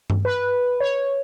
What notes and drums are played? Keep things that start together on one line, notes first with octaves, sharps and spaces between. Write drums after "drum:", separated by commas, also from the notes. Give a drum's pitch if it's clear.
drum: tom G2
B4
C#5